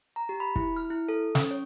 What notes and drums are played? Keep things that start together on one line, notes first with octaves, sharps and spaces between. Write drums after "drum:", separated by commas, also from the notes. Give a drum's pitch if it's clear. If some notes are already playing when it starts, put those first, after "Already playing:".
A#5
G4
B5
E4, drum: kick
F6
E4
A4
C#4, drum: snare
C#5